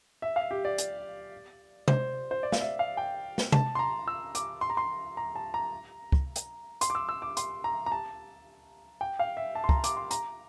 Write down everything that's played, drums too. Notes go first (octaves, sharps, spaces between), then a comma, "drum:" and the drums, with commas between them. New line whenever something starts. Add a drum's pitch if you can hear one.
E5
F5
G4
D5
drum: hi-hat
C5, drum: tom C3
C5
D5
F5, drum: snare
E5
F5
G5
drum: snare
A5, drum: tom C3
C6
A#5
E6
D6, drum: hi-hat
C6
A#5
C6
A#5
A5
A#5
drum: kick
drum: hi-hat
C6, drum: hi-hat
D6
E6
E6
D6
C6, drum: hi-hat
A#5
A#5
A5
G5
F5
E5
A5
C6
A#5, drum: kick
D6, drum: hi-hat
C6
A#5, drum: hi-hat